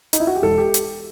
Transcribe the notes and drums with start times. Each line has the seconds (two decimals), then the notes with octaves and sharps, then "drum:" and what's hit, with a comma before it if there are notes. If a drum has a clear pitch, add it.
0.13 D#4, drum: hi-hat
0.20 E4
0.27 F#4
0.35 G4
0.42 E1 A4
0.58 G4
0.74 drum: hi-hat